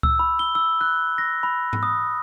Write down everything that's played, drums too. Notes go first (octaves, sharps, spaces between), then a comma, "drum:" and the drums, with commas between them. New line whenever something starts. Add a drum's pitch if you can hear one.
E6, drum: kick C#2
B5
G7
E6
F#6
A#6
B5
drum: tom G#2
D#6